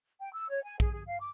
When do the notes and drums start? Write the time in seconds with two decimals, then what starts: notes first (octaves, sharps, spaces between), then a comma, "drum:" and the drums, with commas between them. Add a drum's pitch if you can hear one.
0.20 G5
0.33 E6
0.50 C#5
0.63 G#5
0.80 G#4, drum: kick A#1
0.94 G#4
1.07 F5
1.19 D6